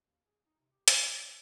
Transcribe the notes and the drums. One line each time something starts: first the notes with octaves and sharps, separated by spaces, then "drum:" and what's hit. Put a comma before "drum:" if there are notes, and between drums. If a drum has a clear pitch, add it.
D#2
G#4
D#4
C3
G4
F#4, drum: hi-hat
G3
B2